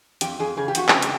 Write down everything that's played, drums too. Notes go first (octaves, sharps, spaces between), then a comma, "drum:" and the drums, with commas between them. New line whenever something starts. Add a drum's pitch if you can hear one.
F2 G4, drum: hi-hat
F2 G#4
C#3 G#4
G4
F2 F#4, drum: hi-hat
C#3 G4, drum: clap
drum: hi-hat